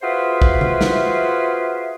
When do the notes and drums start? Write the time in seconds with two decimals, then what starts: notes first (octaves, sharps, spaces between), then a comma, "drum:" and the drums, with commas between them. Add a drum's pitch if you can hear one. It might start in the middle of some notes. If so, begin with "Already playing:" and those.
0.02 F4 F#4 G#4 B4 C5 E5
0.42 drum: kick
0.61 drum: tom C3
0.81 drum: snare